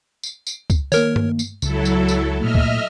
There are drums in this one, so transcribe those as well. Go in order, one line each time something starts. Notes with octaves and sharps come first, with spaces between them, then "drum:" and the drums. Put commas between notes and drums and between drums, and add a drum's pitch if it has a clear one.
drum: tambourine
drum: tambourine
drum: kick, tambourine
D#3 A#3 A#4 C#5, drum: tambourine
drum: tom G2
drum: tambourine
C#2 F#3 E4 A4, drum: tambourine
drum: tambourine
drum: tambourine
A#2 A3 D#5 E5 F6
drum: kick